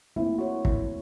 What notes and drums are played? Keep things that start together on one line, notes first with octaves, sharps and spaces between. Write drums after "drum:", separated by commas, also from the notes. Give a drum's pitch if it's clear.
A3 A#3 C4 E4 F4
F#4 C#5
E4, drum: kick